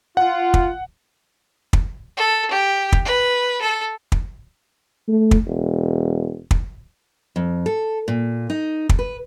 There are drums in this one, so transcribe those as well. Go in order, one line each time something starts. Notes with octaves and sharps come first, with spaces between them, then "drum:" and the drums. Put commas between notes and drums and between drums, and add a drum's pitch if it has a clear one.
F4 F#5
drum: kick
drum: kick
A4
G4
drum: kick
B4
A4
drum: kick
A3
drum: kick
E1
drum: kick
F2
A4
A#2
D#4
drum: kick
B4